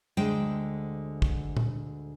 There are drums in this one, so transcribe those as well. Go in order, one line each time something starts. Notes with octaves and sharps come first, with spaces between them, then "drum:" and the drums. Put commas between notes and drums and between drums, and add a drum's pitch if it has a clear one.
D2 D3 G#3 C5 G5
drum: kick
drum: tom A#2